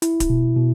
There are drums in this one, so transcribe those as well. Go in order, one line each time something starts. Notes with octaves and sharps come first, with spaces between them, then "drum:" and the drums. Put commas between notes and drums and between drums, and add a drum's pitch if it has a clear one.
E4, drum: hi-hat
drum: kick D1, hi-hat
B2
B2